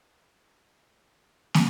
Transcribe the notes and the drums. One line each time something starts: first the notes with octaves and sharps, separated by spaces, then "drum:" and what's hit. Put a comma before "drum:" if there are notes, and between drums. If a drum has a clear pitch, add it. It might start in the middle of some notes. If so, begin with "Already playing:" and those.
A#4
C#5
F#4
drum: snare